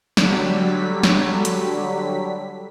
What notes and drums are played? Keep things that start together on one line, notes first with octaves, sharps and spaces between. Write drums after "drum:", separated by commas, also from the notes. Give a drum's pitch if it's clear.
D3 F#3 G3 B6, drum: snare
drum: snare
drum: hi-hat